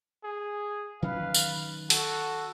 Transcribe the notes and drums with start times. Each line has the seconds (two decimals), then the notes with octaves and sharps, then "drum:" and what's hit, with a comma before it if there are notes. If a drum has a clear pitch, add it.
0.24 G#4
1.02 D#3 F#3 C#4 B4 F5
1.34 drum: tambourine
1.90 F#4 A4, drum: open hi-hat